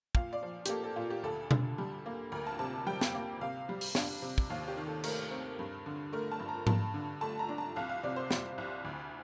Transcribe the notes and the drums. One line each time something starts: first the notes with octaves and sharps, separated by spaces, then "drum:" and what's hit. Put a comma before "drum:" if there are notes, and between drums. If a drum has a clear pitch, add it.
A#2 F5, drum: kick
D5
F3
G4, drum: hi-hat
A#3 A4
A4
A#2 F4
G4
D2 A4
D3, drum: tom B2
G3
A#3
D2 A#4
A5
C3 A5
G3 G5
drum: snare
A#3
C3 F5
G3
drum: open hi-hat
D4, drum: snare
C3
drum: kick
D#2 F5
G4
D#3
A4
A3 A#4, drum: cymbal
C4
G2
D3
A3 A#4
A5
G2
A#5
G2 A5, drum: tom G#2
D3
A3 A5
A#5
D4
A5
C2 F5
F5
C3 D5
C5
G3, drum: snare
C2
D2